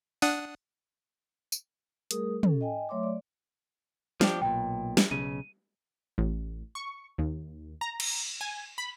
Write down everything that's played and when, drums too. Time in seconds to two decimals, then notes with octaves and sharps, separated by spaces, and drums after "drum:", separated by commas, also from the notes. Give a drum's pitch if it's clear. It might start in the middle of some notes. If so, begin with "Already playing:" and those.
0.22 D4 F#5 D#6, drum: open hi-hat
1.52 drum: tambourine
2.11 G3 A3 G#4 A#4 D#6, drum: hi-hat
2.43 C#4 A4, drum: tom
2.61 D#5 G5 G#5
2.89 F#3 A3 C#5 E5 C6 D6
3.03 D5
4.21 F3 D4 G4, drum: snare
4.42 B1 A#2 G5
4.97 drum: snare
5.11 B1 C#3 D#7
6.18 A1
6.75 C#6
7.18 D#2
7.81 A#5
8.00 drum: cymbal
8.41 G#5
8.78 B5